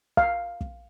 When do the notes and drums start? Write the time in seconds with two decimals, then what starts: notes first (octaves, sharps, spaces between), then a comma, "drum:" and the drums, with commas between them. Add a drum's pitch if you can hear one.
0.17 F5, drum: kick
0.61 drum: kick